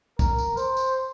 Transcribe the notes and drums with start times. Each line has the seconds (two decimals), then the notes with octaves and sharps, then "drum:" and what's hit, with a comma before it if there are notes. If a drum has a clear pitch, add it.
0.19 A#4, drum: kick, tambourine
0.38 drum: tambourine
0.57 C5, drum: tambourine
0.77 drum: tambourine